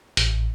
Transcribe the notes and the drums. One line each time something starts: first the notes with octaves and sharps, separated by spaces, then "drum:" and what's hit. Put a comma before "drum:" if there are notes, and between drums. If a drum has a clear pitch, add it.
A1, drum: hi-hat